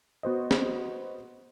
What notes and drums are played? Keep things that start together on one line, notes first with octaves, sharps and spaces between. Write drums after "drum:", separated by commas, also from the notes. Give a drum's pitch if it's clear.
B3 F#4 C5 D#5
drum: snare